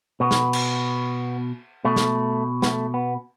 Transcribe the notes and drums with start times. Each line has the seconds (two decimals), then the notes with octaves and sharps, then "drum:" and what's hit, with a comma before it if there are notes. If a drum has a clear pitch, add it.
0.20 B2 B3
0.31 drum: snare
0.53 drum: cymbal
1.85 B2 A3
1.96 drum: snare
2.62 B3, drum: snare
2.67 A3
2.94 B3